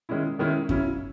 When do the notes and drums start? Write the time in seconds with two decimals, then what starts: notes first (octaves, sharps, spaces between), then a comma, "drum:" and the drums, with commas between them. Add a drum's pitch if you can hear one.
0.09 D#3 G#3 C#4 E4
0.39 D#3 G#3 C#4 E4
0.69 C#3 F#3 C#4 E4, drum: kick F#2